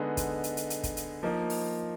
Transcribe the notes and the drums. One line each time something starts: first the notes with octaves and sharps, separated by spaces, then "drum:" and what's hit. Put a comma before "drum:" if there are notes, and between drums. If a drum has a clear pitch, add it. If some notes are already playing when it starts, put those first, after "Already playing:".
Already playing: D3 G#3 B3 D#4
drum: kick, hi-hat
drum: hi-hat
drum: hi-hat
drum: hi-hat
drum: kick, hi-hat
drum: hi-hat
F3 A#3 D#4
drum: open hi-hat